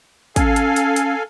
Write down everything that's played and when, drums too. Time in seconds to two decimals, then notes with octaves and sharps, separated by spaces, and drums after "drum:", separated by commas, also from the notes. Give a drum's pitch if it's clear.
0.36 C#4 A4 F5 G#5, drum: kick, hi-hat
0.56 drum: hi-hat
0.76 drum: hi-hat
0.96 drum: hi-hat